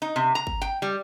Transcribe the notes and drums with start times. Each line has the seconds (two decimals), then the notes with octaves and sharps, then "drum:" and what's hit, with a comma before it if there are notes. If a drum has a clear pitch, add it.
0.02 D#4
0.16 C3
0.35 A#5
0.47 drum: kick G1
0.62 G5
0.82 G3